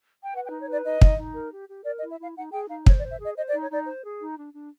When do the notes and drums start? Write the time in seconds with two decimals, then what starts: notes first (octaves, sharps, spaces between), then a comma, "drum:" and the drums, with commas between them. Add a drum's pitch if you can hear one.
0.23 G5
0.34 B4 F#5
0.46 G5
0.51 D#4
0.60 C#5
0.68 B4 D5
0.84 D#4 D#5
1.01 D#4, drum: kick
1.18 D#4
1.34 A#4
1.52 G4
1.68 G4
1.85 A#4 D5
1.98 D#5
2.02 E4
2.11 E5
2.19 E4 F5
2.36 D#4 F#5
2.53 G#4 G5
2.69 D#4 F5
2.86 C5 C#5, drum: kick
2.99 D5
3.04 C5
3.11 E5
3.19 G#4 D#5
3.36 C5 D#5
3.49 D5
3.54 D#4
3.62 C#5
3.70 D#4 D5
3.87 C5
4.04 G#4
4.21 D#4
4.38 D4
4.54 D4